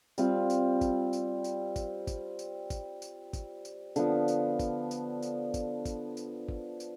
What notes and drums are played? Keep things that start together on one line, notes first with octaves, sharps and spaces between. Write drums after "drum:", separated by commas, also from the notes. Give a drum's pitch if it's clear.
G3 C4 F4, drum: tambourine
drum: tambourine
drum: kick, tambourine
drum: tambourine
drum: tambourine
drum: kick, tambourine
drum: kick, tambourine
drum: tambourine
drum: kick, tambourine
drum: tambourine
drum: kick, tambourine
drum: tambourine
D3 F3 B3, drum: tambourine
drum: tambourine
drum: kick, tambourine
drum: tambourine
drum: tambourine
drum: kick, tambourine
drum: kick, tambourine
drum: tambourine
drum: kick
drum: tambourine